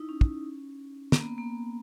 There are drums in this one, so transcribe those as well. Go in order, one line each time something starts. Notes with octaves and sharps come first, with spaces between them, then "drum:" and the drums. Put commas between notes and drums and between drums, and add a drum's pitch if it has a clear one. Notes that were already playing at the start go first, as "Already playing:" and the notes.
Already playing: D#4 E4
C#4
drum: kick
A#3, drum: snare
B3
A#3